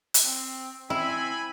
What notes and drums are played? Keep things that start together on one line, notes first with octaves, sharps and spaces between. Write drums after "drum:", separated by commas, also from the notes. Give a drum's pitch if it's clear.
drum: hi-hat
C4
C4 E4 G#5 B5